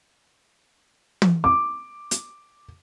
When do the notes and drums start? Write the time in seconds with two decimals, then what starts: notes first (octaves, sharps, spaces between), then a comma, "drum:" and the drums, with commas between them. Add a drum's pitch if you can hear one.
1.22 drum: tom
1.44 D6
2.11 drum: hi-hat